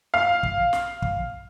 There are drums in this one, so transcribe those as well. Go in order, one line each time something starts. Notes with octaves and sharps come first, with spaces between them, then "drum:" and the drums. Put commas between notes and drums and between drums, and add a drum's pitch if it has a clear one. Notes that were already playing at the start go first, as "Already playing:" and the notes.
F5
drum: kick
drum: snare
drum: kick